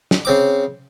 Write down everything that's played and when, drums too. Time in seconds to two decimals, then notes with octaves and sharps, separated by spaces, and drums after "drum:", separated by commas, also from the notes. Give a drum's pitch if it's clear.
0.11 drum: snare
0.25 C#3 C4 D6